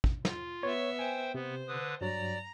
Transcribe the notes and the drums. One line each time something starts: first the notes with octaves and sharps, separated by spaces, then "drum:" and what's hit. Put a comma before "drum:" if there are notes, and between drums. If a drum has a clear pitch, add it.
drum: kick
F4, drum: snare
B3 C#5 E5
C5 G5 G#5
C3 B3 C5
D3 B4 D#6
G2 F#3 D5 A#5